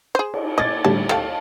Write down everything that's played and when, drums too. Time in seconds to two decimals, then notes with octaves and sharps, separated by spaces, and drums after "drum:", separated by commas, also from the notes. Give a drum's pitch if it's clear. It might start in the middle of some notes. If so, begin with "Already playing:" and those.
0.15 G#4 C5
0.34 drum: cymbal
0.58 D#5 D6 G#6 A6
0.85 A2 D3 G3 A5
1.09 A3 G4 F5 A5, drum: rim click